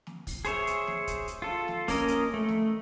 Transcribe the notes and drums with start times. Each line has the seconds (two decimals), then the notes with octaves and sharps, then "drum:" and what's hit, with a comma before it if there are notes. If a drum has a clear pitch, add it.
0.07 drum: snare
0.27 drum: kick, open hi-hat
0.45 G#4 C5 C#5 E5, drum: hi-hat
0.67 drum: hi-hat
0.87 drum: snare
1.07 drum: kick, hi-hat
1.28 drum: hi-hat
1.42 F4 A4
1.68 drum: snare
1.88 A#3 C#4 A#4 D#5, drum: kick, open hi-hat
2.08 drum: hi-hat
2.34 A3
2.49 drum: snare